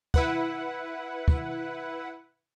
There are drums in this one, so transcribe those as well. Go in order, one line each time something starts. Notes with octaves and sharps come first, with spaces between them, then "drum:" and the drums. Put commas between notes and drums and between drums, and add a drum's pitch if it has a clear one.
E4 B4 F#5, drum: kick
drum: kick